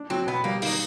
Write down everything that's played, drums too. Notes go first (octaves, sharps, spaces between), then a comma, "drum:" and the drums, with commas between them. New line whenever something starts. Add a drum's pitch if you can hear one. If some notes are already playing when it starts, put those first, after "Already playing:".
Already playing: D4
F#3 C4
B2 B3
G3 A#3
D#3 A#3, drum: open hi-hat